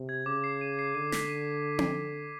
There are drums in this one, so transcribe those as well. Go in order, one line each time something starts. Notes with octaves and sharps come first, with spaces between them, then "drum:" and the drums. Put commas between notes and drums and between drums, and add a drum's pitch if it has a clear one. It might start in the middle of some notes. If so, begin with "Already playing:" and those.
Already playing: C3
G#6
C#3 D6
C7
D#7
C7
D3 D#7
B6, drum: snare
D#7
drum: tom C4